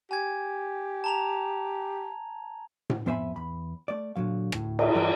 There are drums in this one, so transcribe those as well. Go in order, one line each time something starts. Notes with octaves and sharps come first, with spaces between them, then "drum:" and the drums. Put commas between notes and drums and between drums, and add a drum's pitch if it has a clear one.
G4 G#5 G#6
A5 A#5 F7
drum: tom A2
F2 B3 C5 E5 G#5 B5
E2 B5
A3 D5
A#2 D3 F#3 F5
D2 A2, drum: rim click
drum: cymbal
G2 E3 A#4